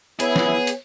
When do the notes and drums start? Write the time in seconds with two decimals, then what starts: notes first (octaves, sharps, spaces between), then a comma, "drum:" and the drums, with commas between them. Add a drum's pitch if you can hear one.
0.20 B3 E4 G#4 C#5, drum: hi-hat
0.36 drum: snare
0.67 drum: hi-hat